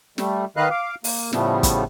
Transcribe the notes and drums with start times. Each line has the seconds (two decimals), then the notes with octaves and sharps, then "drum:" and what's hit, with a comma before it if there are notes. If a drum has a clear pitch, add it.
0.18 G3 A3, drum: snare
0.57 D#3 B4 D#5 F5 F#6
0.70 F5 D6
1.04 A#3, drum: open hi-hat
1.33 A2 C#3 F3 G3 A3 B3, drum: snare
1.63 drum: kick, hi-hat